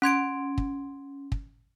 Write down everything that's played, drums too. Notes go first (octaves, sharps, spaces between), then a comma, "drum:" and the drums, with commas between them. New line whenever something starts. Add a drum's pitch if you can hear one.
C#4 C6 G#6 D7
drum: kick
drum: kick